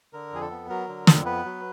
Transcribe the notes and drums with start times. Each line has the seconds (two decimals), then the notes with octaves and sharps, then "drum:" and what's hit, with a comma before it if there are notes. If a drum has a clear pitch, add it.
0.13 D3 A#4
0.33 F2 G#4
0.41 A4
0.51 B3
0.69 F#3 A#4
0.88 D3
1.07 F2, drum: snare
1.25 B3 B4
1.45 F#3